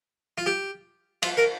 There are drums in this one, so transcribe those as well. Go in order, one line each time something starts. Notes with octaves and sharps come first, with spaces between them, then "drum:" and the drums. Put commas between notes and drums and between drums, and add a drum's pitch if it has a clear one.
F4
G4
F4, drum: cymbal
A#4